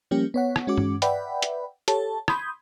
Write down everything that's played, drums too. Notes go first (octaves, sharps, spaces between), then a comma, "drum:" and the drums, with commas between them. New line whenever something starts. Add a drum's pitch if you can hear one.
F3 G3 A#3 C#4 G4
B3 C#5 F#5
drum: rim click
G#3 C#4 F#4 D6
drum: tom G2
B4 D5 E5 F#5 G5 B5, drum: hi-hat
drum: hi-hat
G4 A4 C#5 A5, drum: hi-hat
B5 C6 D#6 G6 G#6, drum: rim click